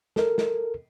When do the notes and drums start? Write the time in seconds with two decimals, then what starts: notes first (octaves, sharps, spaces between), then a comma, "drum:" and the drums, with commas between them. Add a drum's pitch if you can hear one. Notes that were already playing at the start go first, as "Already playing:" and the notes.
0.16 A4 A#4, drum: snare
0.38 drum: snare